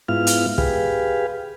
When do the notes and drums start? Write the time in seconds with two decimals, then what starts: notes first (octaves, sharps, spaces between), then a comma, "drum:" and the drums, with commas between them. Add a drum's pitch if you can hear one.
0.08 G#2 B3 E4 F4 F5 F6
0.27 drum: hi-hat
0.58 G4 G#4 B4 F5, drum: kick